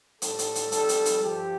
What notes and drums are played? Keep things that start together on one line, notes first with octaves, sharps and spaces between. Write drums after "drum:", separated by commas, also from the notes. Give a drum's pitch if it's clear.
A2 G3 A4, drum: hi-hat
drum: hi-hat
drum: hi-hat
F2 D#3 G3 A4, drum: hi-hat
drum: hi-hat
drum: hi-hat
G2 F3 G4